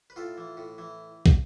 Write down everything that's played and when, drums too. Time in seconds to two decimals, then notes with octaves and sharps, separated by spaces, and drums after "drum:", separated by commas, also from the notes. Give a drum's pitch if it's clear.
0.10 B4
0.16 A2 F4 A4
0.37 E3
0.57 A2
0.78 E3
1.26 drum: kick